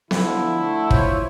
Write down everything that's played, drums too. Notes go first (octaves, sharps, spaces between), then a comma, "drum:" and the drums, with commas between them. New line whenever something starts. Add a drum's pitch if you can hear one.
D3 F3 E4, drum: snare B3
D3 A3 A4
F4 C5 C#5, drum: kick